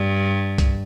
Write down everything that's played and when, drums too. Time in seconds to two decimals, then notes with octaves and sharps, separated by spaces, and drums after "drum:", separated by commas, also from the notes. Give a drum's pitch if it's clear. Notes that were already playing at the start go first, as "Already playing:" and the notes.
Already playing: G2
0.58 drum: kick B1, hi-hat